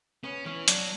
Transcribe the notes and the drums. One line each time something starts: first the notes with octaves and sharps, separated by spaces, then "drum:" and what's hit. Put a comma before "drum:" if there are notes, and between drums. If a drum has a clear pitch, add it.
B3 C#4
E3 C#4
F#3 D4, drum: hi-hat